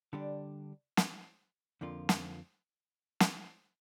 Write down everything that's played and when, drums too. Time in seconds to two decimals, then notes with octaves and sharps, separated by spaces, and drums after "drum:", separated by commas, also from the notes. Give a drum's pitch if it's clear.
0.13 D3 G3 D4 G4
0.97 drum: snare
1.81 F2 D3 F3 A#3 F4
2.09 drum: snare
3.20 drum: snare